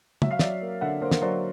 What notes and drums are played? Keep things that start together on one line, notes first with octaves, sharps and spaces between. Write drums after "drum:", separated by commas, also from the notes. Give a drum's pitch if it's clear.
F#3 E5, drum: tom
F5
F#3 D5 E5, drum: snare
A#3
D3 E5 F#5
A#3 A#4 C5
drum: snare
F#3 C5 D5